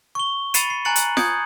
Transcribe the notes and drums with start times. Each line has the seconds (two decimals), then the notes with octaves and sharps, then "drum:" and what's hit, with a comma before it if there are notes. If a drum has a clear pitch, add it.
0.15 C#6 G7
0.54 B5 A6 C7 C#7 D#7 E7, drum: hi-hat
0.70 C7
0.85 G#5 A#5 F#6 A6 C#7 F#7
0.96 drum: hi-hat
1.17 D#6 G6 G#6 C#7 D7, drum: snare F4